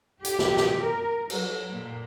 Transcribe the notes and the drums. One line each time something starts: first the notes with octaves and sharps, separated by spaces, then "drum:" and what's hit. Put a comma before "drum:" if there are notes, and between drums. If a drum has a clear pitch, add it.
G4, drum: hi-hat
drum: snare
drum: snare
A#4
F#3, drum: cymbal
A#2